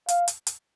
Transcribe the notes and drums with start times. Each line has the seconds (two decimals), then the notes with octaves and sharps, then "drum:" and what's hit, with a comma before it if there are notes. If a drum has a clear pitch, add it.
0.08 F5, drum: hi-hat
0.28 drum: hi-hat
0.47 drum: hi-hat